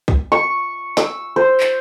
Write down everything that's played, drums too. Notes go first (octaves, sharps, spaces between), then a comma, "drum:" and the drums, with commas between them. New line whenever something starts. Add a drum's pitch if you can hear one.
drum: kick
C#6
E6, drum: snare
C5
drum: clap